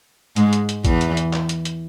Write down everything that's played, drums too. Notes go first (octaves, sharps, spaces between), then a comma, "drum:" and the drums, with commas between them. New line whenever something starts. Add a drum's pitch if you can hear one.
G#2 G#3, drum: hi-hat
drum: hi-hat
drum: hi-hat
E2 E3, drum: kick, hi-hat
drum: hi-hat
drum: hi-hat
drum: clap
drum: hi-hat
drum: hi-hat